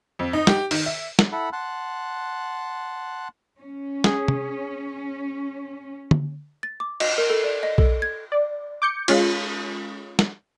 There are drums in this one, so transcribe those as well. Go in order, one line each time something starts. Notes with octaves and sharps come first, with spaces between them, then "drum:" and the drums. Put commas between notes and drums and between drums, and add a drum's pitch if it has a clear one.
F2
D#4
G4, drum: snare
D#3, drum: open hi-hat
E5
drum: snare
E4 A4 F#5 B5
F#5 A5 C6 F#6
C#4
G#4, drum: snare
drum: tom
drum: tom
A6
D6
D#5, drum: cymbal
A#4
A4
D5
D#5
A4, drum: kick B1
G#6
D5
D6 G6 C#7
G#3 C#4 F4, drum: cymbal
drum: snare